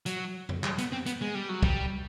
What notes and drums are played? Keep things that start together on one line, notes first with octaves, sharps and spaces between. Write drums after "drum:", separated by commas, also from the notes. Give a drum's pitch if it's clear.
F#3, drum: hi-hat
drum: tom F2
G3, drum: clap
B3, drum: hi-hat
C4
B3, drum: hi-hat
G#3
G3
F#3
G3, drum: kick